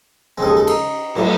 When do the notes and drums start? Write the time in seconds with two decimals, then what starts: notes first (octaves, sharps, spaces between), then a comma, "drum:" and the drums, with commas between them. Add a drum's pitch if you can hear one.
0.38 D#2 C#3 G#3 C4 A4
0.47 G#4
0.57 A4
0.67 D#4, drum: cymbal
1.15 A2 F#3 A3, drum: cymbal